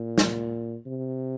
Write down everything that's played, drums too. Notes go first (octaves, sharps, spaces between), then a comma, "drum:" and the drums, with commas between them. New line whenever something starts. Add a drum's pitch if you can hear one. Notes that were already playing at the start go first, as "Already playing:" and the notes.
Already playing: A#2
drum: snare
C3